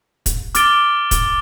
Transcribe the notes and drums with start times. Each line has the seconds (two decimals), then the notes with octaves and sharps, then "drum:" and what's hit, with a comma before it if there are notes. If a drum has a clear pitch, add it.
0.26 drum: kick, hi-hat
0.55 D6 F6 A6 D7 G7, drum: hi-hat
1.11 drum: kick, hi-hat